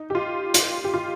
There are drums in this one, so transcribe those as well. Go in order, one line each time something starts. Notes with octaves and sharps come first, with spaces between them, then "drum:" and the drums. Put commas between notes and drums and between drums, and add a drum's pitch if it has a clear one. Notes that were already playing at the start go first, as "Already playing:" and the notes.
Already playing: D#4
G4
F4
F4, drum: hi-hat
G4
F4